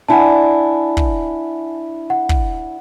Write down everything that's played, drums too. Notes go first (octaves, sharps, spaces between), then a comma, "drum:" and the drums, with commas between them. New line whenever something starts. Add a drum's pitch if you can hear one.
D4 E4 F#5 G#5 A5
drum: kick
F#5
drum: kick